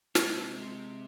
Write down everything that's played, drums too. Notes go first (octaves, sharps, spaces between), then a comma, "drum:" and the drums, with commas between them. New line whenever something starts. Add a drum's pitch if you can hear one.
C3 G#3, drum: snare
G#3